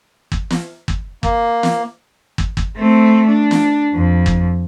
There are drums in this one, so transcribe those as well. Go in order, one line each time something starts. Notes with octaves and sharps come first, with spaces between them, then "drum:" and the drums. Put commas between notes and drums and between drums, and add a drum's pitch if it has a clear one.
drum: kick
drum: snare
drum: kick
A#3, drum: kick
drum: snare
drum: kick
drum: kick
A3 C4
D4
drum: snare
F2
drum: kick